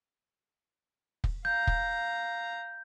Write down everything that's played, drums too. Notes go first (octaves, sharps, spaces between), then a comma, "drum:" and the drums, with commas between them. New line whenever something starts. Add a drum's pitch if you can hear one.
drum: kick
F5 A#5 G6
drum: kick